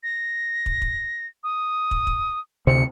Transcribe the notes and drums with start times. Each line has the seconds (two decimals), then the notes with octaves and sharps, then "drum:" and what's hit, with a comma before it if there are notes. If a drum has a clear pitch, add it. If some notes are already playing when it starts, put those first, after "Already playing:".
0.03 A#6
0.66 drum: kick
0.82 drum: kick
1.44 D#6
1.91 drum: kick
2.07 drum: kick
2.67 D2 C3 C4 C#7